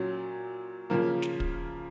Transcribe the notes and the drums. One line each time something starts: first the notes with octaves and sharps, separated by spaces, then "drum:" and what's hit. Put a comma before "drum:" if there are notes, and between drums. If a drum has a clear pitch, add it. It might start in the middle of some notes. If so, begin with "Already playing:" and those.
Already playing: A#2 F#3 C#4
C#3 F3 A#3
drum: snare
drum: kick